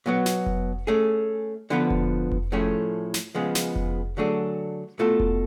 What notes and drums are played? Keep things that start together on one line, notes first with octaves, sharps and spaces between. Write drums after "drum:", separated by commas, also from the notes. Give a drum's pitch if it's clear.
B2 F#3 B3
drum: snare
drum: kick F1
A3 C#4 G#4
D3 F3 B3 F4 B4
drum: kick F1
drum: kick F1
A2 F3 A3 C#4 G#4
drum: snare
C#3 F3 G#3 B3
drum: snare
drum: kick F1
D3 F#3 A3 D4 G#4
B2 A3 F4 A4
drum: kick F1